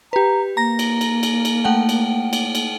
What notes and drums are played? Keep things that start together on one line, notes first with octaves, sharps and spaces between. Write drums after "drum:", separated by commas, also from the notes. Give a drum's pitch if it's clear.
G4 B4 A#5
A#3 A#5 A#6
drum: cymbal
drum: cymbal
drum: cymbal
drum: cymbal
A3 F#5 G5
drum: cymbal
drum: cymbal
drum: cymbal